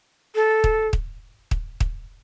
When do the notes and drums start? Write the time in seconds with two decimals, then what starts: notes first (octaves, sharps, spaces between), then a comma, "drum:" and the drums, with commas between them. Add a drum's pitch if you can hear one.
0.35 A4
0.64 drum: kick
0.93 drum: kick
1.51 drum: kick
1.80 drum: kick